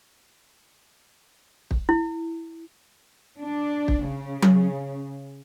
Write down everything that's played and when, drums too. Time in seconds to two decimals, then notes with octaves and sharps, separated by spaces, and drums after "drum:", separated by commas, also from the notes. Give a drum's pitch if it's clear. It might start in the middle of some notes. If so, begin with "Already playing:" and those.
1.71 drum: kick
1.89 E4
3.39 D4
3.88 drum: kick
4.05 C#3
4.42 drum: tom F#3